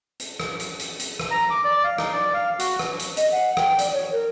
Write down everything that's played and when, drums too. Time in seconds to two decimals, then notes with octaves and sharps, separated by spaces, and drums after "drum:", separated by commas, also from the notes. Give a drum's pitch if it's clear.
0.20 drum: hi-hat
0.40 drum: rim click
0.60 drum: hi-hat
0.80 drum: hi-hat
1.00 drum: hi-hat
1.20 drum: rim click
1.31 A#5
1.50 D6
1.65 D5
1.84 F5
1.98 D#4, drum: rim click
2.13 D5
2.34 F5
2.59 F#4, drum: hi-hat
2.79 drum: rim click
2.99 drum: hi-hat
3.17 D#5, drum: hi-hat
3.32 F#5
3.57 G5, drum: rim click
3.79 D5, drum: hi-hat
3.92 C#5
4.12 A#4